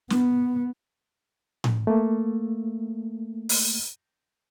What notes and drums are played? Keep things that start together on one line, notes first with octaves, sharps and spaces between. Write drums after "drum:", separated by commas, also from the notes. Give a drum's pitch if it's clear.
B3, drum: snare
drum: tom A2
A3 A#3
drum: open hi-hat